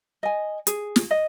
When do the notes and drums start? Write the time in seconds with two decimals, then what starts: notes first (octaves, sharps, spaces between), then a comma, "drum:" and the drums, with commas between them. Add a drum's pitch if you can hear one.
0.23 D#5 G#5
0.67 G#4, drum: hi-hat
0.96 drum: snare
1.11 D#5